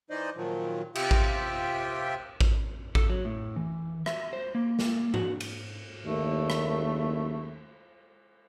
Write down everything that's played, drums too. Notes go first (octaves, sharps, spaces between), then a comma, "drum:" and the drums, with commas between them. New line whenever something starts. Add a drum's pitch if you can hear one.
E3 D#4 C5 D5 D#5
A#2 D#3 F3 F#3
C3 F4 G4 E5 G5, drum: cymbal
drum: kick A1
drum: kick A1
A4, drum: kick A1
F#3
A2
E3
E5, drum: rim click
C5
A#3
drum: snare
F#4, drum: tom
drum: cymbal
F#1 D#2 A3
drum: rim click